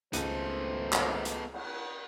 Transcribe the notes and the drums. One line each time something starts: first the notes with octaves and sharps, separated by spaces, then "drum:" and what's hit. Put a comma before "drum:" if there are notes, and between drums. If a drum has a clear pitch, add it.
G#1 C#2 A3 B3 A4 C5 D#7, drum: hi-hat
drum: clap
drum: hi-hat
drum: cymbal